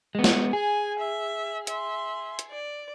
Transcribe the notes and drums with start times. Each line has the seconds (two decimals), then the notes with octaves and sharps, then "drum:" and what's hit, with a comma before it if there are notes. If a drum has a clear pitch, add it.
0.15 G#3 B3
0.24 drum: snare
0.53 G#4 G#5
0.99 E5
1.67 E5 C6, drum: hi-hat
2.39 drum: hi-hat
2.50 D5